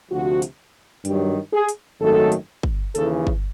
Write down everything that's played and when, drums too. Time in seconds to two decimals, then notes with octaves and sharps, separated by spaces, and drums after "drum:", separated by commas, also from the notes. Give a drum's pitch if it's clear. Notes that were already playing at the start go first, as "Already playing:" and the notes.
0.10 D2 C3 F3 F#4
0.42 drum: hi-hat
1.05 G2 D#3 F#3 G4, drum: hi-hat
1.53 G#4
1.69 drum: hi-hat
2.00 G#1 F#2 D#3 F#3 A3 A4
2.32 drum: hi-hat
2.63 drum: kick G1
2.95 D#2 C#3 E3 A4, drum: hi-hat
3.27 drum: kick G1